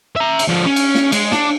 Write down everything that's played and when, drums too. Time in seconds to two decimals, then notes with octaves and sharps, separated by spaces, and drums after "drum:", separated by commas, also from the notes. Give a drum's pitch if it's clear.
0.16 E5 A#5
0.39 drum: cymbal
0.48 D3 F3
0.66 C#4
0.76 drum: cymbal
0.95 drum: snare
1.12 G#3, drum: cymbal
1.32 D4, drum: snare